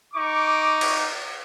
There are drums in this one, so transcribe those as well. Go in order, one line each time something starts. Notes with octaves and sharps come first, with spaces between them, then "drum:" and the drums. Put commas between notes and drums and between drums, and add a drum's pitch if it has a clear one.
D#4 C#6 D6
drum: cymbal